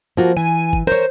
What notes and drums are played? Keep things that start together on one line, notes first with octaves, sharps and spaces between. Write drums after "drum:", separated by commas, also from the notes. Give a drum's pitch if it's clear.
F3 A#3 F4 F#4
E3 G#5
drum: kick G1
A#4 C5 C#5, drum: snare